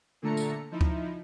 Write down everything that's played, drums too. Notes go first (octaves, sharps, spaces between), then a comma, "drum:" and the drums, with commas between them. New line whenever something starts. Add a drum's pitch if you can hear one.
A#2 D3 A3 A4 A#5 C#7
drum: tambourine
F3 D#4 E4
drum: kick D2